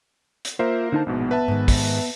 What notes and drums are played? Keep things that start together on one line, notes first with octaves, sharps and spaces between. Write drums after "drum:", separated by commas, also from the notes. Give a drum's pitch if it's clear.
drum: hi-hat
A#3 F4 A#4 C5 E5
D3 D#4 A5
A#1 G#2 B2 B3
B4 E5 A5
G#2 D#3
drum: kick, open hi-hat